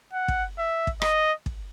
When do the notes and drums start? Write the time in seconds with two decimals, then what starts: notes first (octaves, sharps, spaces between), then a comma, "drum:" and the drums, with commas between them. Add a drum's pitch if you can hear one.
0.13 F#5
0.28 drum: kick
0.58 E5
0.87 drum: kick
1.02 D#5, drum: rim click
1.46 drum: kick